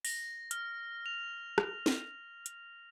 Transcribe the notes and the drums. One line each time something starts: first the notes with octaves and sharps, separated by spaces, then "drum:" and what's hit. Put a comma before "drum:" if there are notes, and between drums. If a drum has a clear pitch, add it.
A#6, drum: open hi-hat
F6, drum: hi-hat
F7
drum: rim click
drum: snare
drum: hi-hat